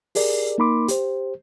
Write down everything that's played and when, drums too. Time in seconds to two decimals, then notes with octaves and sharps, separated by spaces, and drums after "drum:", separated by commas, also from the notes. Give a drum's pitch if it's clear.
0.15 G4 G#4 A#4 D5, drum: open hi-hat
0.58 A#3 D#4 A#4 B5 C6 D6
0.88 G4 C5, drum: hi-hat